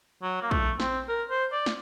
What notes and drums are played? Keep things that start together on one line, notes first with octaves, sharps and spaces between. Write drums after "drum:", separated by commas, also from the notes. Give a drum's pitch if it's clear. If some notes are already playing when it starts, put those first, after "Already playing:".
F#3
A#3
A3, drum: kick
C4, drum: snare
A#4
C5
D5
drum: snare